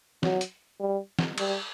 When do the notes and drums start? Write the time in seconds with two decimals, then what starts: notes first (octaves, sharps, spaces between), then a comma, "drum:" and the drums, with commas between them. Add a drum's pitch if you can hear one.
0.23 F#3, drum: snare
0.41 drum: hi-hat
0.80 G3
1.19 drum: snare
1.38 G3, drum: cymbal